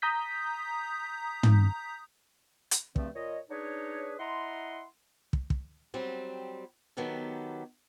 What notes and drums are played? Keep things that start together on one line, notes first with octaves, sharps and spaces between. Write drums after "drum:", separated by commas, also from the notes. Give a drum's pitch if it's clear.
A#5 D#6 G6 B6
drum: tom
drum: hi-hat
G2 C#3 F3 A3 C4, drum: kick
A#2 F4 C#5 D#5
D4 D#4 G#4 B4 C#5
E4 D#5 F#5 A#5 C6
drum: kick
drum: kick
F#3 G3 C4
D#3 F#3 B3 G4 A4